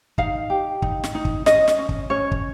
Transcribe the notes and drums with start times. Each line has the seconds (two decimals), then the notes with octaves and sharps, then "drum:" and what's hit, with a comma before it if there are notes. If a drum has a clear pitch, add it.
0.18 D#4 F5, drum: kick
0.50 G4
0.82 D#4, drum: kick
1.04 drum: snare
1.15 D#4
1.25 drum: kick
1.46 C#4 D#5, drum: snare
1.68 drum: snare
1.78 C#4
1.89 drum: kick
2.10 C#4 C#5
2.32 drum: kick